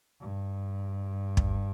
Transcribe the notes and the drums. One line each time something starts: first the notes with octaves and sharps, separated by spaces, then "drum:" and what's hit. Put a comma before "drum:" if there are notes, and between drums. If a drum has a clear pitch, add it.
G2
drum: kick